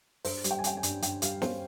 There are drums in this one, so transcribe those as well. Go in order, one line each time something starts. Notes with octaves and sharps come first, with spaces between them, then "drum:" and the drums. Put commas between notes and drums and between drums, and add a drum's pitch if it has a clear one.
G2 C5, drum: open hi-hat
G3, drum: hi-hat
G5
G#5
C#4 G5, drum: hi-hat
G#5
G2, drum: hi-hat
G2 G5, drum: hi-hat
G3 F5, drum: hi-hat
C#4 C5, drum: snare